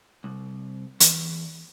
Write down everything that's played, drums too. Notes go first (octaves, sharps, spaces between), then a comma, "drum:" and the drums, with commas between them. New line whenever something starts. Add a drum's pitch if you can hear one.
C2
E2, drum: hi-hat